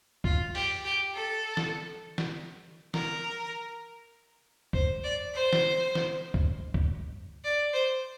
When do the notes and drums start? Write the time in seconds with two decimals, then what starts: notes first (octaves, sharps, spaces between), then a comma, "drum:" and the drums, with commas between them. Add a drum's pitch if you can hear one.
0.24 F4, drum: kick C#2
0.55 G4, drum: open hi-hat
0.84 G4
1.14 A4
1.57 drum: snare
2.18 drum: snare
2.94 A#4, drum: snare
4.73 C5, drum: kick C#2
5.04 D5
5.34 C5
5.53 drum: snare
5.95 drum: snare
6.34 drum: kick C#2
6.74 drum: kick C#2
7.44 D5
7.73 C5